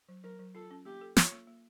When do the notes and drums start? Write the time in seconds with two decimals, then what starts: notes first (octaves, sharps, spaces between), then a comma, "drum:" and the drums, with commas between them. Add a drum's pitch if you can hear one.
0.09 F#3
0.24 F#3 A#4
0.39 F#3
0.55 F4 A4
0.71 C#4
0.85 A#3 G4
1.01 A4
1.17 F4 C#5, drum: snare
1.32 A#3
1.47 A#3